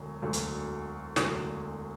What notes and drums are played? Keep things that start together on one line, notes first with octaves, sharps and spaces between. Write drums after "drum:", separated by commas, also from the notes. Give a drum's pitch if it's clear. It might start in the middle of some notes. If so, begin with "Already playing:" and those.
Already playing: E1 D2 D3 F#3
E1 D2 D3 F#3
drum: hi-hat
E1 D2 D3 F#3, drum: snare